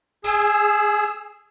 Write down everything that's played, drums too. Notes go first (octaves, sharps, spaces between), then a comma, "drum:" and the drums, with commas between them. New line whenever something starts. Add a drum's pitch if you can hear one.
G#4 E6, drum: open hi-hat